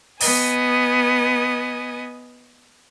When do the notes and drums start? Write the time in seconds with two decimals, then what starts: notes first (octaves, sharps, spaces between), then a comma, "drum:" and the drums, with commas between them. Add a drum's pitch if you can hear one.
0.20 B3 D#5 G#5, drum: open hi-hat